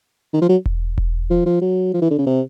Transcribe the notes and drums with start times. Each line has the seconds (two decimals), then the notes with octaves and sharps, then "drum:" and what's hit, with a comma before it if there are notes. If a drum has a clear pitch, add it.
0.33 D#3
0.41 F3
0.49 F#3
0.66 drum: kick E1
0.98 drum: kick E1
1.30 F3
1.46 F3
1.61 F#3
1.94 F3
2.02 E3
2.10 D3
2.18 C#3
2.26 C3